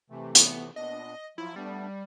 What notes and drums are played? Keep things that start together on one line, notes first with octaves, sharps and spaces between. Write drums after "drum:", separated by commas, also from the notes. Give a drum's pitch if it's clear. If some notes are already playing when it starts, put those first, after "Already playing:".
C3 E3 A3
B3, drum: hi-hat
A#2 B3 D4 D#5
F3 F#3 E4 F4
G3 A3 B3 D4